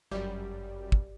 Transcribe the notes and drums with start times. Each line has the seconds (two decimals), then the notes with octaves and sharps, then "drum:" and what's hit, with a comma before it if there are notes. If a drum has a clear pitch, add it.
0.11 G1 F#2 G3 G4 D5
0.92 drum: kick